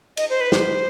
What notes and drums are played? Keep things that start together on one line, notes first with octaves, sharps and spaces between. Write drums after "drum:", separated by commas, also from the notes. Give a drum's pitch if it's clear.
D#5, drum: cymbal
C5
B4
C5, drum: snare